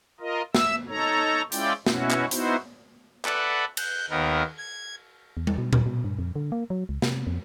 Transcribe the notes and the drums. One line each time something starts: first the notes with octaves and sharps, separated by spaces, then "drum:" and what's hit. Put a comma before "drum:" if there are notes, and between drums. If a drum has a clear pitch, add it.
F4 A#4 D#5
E5 E6, drum: snare
D#4 A4 C#5 A#5
G#3 C#4 E4 F4 D5 G5, drum: hi-hat
B2 C#4 E4 F#4, drum: snare
drum: clap
B3 D#4 E4 F#4 C5, drum: hi-hat
A4 B4 D5 E5 F#5, drum: clap
F#6 G6, drum: cymbal
D#2 D#3 B3 A#4
G#6
E2
drum: tom G3
B2
D#2, drum: tom A#2
B2
G2
F2
D3
A#3
F#3
C#2
C3, drum: snare
F2